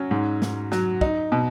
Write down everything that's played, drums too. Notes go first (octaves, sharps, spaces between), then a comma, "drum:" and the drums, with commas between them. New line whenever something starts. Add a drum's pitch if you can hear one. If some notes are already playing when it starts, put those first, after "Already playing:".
Already playing: F#3 C#4
G#2
G#2, drum: snare
F#3, drum: snare
D#4, drum: kick
B2